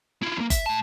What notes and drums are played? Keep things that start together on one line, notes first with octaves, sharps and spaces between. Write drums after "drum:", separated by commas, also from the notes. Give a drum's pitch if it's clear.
E4 F4
E2 A#3
E5, drum: kick F#1, hi-hat
A2 A5